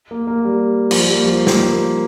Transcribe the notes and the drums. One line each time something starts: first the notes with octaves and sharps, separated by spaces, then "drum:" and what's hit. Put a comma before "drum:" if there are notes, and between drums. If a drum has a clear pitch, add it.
A#3
A#3
G3
F3, drum: cymbal
G3
A#3
F3
G3
A#3, drum: snare
A#3